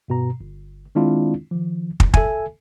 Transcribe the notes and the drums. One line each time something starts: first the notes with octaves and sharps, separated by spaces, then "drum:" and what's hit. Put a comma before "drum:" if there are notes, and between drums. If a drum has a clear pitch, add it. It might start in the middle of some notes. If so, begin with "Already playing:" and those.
G2 B2 A#5
G1
D#3 G#3 C4 D4 E4 F4
D#3 F3
drum: kick
A4 E5 G#5, drum: kick